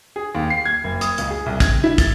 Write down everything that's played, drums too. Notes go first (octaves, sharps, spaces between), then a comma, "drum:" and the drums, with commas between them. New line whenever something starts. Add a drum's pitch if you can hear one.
G#4
D#2
C7
G#6
F#1
D#6, drum: hi-hat
C#2, drum: hi-hat
G#4
C2
G#6, drum: kick, hi-hat
E4
A6, drum: kick, hi-hat